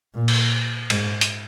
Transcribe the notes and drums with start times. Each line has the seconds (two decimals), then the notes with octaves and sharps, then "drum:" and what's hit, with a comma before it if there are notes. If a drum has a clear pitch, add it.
0.14 A#2
0.28 drum: cymbal
0.90 G#2, drum: cymbal
1.21 drum: hi-hat